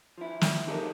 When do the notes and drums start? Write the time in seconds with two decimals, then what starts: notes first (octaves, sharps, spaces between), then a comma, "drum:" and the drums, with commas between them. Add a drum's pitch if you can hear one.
0.18 F3 E4
0.41 drum: snare
0.67 D#4 G4 A4 A#4 D#5